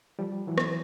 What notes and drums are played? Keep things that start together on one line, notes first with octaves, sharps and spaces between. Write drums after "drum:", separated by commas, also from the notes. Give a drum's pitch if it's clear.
F3 G3
E3 F#3
drum: rim click